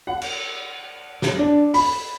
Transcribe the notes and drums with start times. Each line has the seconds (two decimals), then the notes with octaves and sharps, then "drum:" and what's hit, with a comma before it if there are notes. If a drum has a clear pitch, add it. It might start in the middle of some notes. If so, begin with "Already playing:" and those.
0.07 F#5
0.22 drum: cymbal
1.22 drum: snare
1.38 D4
1.74 B5, drum: open hi-hat